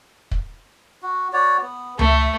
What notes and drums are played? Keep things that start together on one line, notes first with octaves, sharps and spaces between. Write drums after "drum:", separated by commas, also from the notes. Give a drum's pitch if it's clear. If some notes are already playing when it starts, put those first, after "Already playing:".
drum: kick
F#4
F#4 C#5 D5
B3
A3 E5, drum: tom C#2